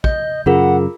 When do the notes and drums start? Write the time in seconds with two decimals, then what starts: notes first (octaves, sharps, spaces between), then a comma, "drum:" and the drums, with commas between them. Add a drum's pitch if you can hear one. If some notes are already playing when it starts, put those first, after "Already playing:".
0.04 D#5 G6, drum: kick
0.46 F#2 C#3 F4 G#4 A#4 F#5